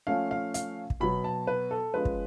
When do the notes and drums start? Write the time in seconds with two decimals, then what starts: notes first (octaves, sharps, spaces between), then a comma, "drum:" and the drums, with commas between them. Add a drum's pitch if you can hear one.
0.07 F3 A3 C#4 F5
0.31 F5
0.54 F5, drum: hi-hat
0.90 drum: kick
1.00 B2 F#3 B3 B5
1.24 A5
1.47 B4
1.71 A4
1.94 F3 G#3 C#4 B4
2.05 drum: kick